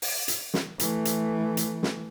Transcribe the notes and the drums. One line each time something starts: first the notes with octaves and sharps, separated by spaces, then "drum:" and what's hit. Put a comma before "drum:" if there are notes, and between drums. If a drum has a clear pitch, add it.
drum: open hi-hat
drum: hi-hat
drum: snare
E3 A3, drum: hi-hat
drum: hi-hat
drum: hi-hat
drum: snare